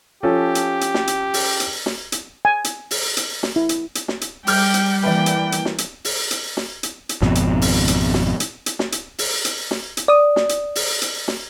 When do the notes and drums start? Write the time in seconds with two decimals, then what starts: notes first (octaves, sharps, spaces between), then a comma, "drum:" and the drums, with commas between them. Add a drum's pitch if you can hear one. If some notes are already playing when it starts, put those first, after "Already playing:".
0.23 F3 C#4 G4 A4
0.55 drum: hi-hat
0.81 drum: hi-hat
0.94 drum: snare
1.07 drum: hi-hat
1.34 drum: open hi-hat
1.60 drum: hi-hat
1.86 drum: snare
2.12 drum: hi-hat
2.45 G#5
2.64 drum: hi-hat
2.91 drum: open hi-hat
3.17 drum: hi-hat
3.43 drum: snare
3.56 E4
3.69 drum: hi-hat
3.95 drum: hi-hat
4.08 drum: snare
4.21 drum: hi-hat
4.47 G3 G5 D6 F6 G6, drum: open hi-hat
4.74 drum: hi-hat
5.03 E3 A#3 B4 D5 G5
5.26 drum: hi-hat
5.52 drum: hi-hat
5.65 drum: snare
5.78 drum: hi-hat
6.05 drum: open hi-hat
6.31 drum: hi-hat
6.57 drum: snare
6.83 drum: hi-hat
7.09 drum: hi-hat
7.22 G#1 F2 B2, drum: snare
7.35 drum: hi-hat
7.62 drum: open hi-hat
7.88 drum: hi-hat
8.14 drum: snare
8.40 drum: hi-hat
8.66 drum: hi-hat
8.79 drum: snare
8.92 drum: hi-hat
9.18 drum: open hi-hat
9.45 drum: hi-hat
9.71 drum: snare
9.97 drum: hi-hat
10.08 D5 D#6
10.36 drum: snare
10.49 drum: hi-hat
10.75 drum: open hi-hat
11.02 drum: hi-hat
11.28 drum: snare